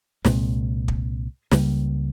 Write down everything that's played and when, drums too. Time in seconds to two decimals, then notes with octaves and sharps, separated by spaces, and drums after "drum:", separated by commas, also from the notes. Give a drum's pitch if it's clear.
0.25 C2 A#2 G#3 C4, drum: snare
0.88 drum: kick
1.51 C#2 C#3 G3 A#3, drum: snare